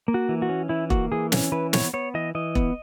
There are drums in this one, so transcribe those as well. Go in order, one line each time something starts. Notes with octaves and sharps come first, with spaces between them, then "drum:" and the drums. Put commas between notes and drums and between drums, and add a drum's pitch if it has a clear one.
A#3
F#4
E3
F#4
C#4
E3 E4
A#3 F#4, drum: kick E1
E3 G#4
C#4, drum: snare
E3 B4
B3 C#5, drum: snare
B3 C#5
E3 D#5
E3 D#5
B3, drum: kick E1